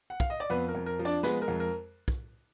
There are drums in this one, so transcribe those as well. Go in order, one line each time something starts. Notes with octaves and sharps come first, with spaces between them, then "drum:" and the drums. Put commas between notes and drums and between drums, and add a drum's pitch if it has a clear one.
F#5
F5, drum: kick
D#5
D5
F2 B3 B4
A#4
F2
A#4
F3
D4 D5
G#3 B3 B4, drum: snare
A#4
F2
A#4
drum: kick